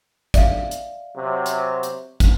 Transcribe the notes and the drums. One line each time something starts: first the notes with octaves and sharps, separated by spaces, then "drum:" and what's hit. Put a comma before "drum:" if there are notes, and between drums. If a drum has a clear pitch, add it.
D5 E5 F5, drum: kick, hi-hat
drum: hi-hat
C3 F#3
drum: hi-hat
drum: hi-hat
drum: kick, hi-hat